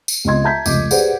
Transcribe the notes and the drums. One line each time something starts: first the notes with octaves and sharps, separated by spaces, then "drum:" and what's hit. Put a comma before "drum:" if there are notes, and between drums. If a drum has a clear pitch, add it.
drum: tambourine
C#2 B3 C4 D#5 C6 G#6
E5 A5 A#5 G6 G#6 B6
F1 C#2 D#5 D6, drum: tambourine
G4 G#4 B4 C5 D5 F#5, drum: tambourine